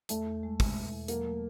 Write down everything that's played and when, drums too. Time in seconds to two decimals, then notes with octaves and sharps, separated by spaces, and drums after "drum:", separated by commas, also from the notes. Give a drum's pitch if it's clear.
0.09 E2 A3, drum: hi-hat
0.27 E2
0.43 G#3
0.60 G#3, drum: kick, open hi-hat
0.76 B2
0.92 E2
1.08 F#3 A#3, drum: hi-hat
1.25 A3